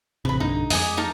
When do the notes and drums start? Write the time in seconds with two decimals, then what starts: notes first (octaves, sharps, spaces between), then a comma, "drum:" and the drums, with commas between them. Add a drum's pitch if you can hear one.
0.25 A1 C3 B4 B5
0.40 B1 G2 D3 D#4
0.70 F2 G#3 D#5 G#5 D6, drum: open hi-hat
0.97 D#4 A#4 A5